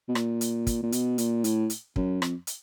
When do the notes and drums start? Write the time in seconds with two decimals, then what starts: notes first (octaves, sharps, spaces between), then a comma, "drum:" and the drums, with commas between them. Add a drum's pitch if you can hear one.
0.08 B2
0.15 A#2, drum: rim click
0.41 drum: hi-hat
0.67 drum: kick, hi-hat
0.83 A#2
0.92 B2, drum: hi-hat
1.18 A#2, drum: hi-hat
1.44 A2, drum: hi-hat
1.70 drum: hi-hat
1.96 F#2, drum: kick
2.22 F2, drum: rim click
2.47 drum: hi-hat